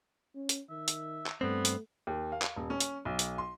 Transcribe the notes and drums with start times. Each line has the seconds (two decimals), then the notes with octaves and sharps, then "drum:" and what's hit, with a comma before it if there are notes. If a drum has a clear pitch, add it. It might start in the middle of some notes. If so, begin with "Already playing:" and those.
0.35 C#4
0.49 drum: hi-hat
0.70 D#3 E5
0.88 drum: hi-hat
1.26 drum: clap
1.41 G2 A3 B3 C4
1.65 drum: hi-hat
2.07 D#2
2.32 F5
2.42 drum: clap
2.56 D#1
2.70 C#4
2.80 drum: hi-hat
3.05 B1
3.19 drum: hi-hat
3.38 C6